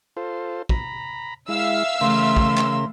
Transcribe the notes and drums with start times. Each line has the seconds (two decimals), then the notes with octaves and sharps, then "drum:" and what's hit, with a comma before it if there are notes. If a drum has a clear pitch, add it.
0.17 F4 A4 C5
0.69 A#5 B5, drum: kick
1.48 G#3 E4 E5 F5 E6
2.01 C#3 E3 A3 A#4 C6
2.37 drum: kick
2.57 drum: clap